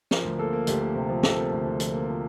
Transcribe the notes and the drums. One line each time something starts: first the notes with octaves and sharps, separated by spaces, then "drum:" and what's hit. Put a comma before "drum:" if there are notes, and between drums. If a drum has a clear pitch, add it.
F3 A#4, drum: snare
D2
A#3 A4
A#3
D2 G4, drum: hi-hat
A#3
C3
F3
C3 A4, drum: snare
A#3
D2
D2
F3, drum: hi-hat
A#3
F3